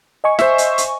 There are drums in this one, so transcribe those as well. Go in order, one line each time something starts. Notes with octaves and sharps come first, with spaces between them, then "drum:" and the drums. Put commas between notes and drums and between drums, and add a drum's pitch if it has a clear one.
D#5 G#5 C#6
C5 E5, drum: snare
drum: hi-hat
drum: hi-hat